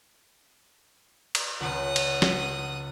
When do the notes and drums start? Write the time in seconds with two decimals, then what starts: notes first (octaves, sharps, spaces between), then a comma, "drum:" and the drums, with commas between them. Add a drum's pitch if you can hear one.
1.35 drum: cymbal
1.61 C#2 C#3 F#5 D#6
1.96 drum: cymbal
2.22 drum: snare